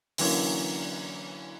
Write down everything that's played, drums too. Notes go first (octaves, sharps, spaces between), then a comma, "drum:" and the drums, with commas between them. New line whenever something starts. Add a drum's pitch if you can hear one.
D3 E3 F#3 A#3 C#4, drum: open hi-hat